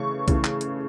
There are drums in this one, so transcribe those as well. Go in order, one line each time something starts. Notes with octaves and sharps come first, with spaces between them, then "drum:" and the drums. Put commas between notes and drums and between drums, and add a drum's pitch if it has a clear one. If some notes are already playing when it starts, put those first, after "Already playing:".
Already playing: C#3 E3 A3 C#6
C#3 E3 A3, drum: kick, hi-hat
drum: clap
drum: hi-hat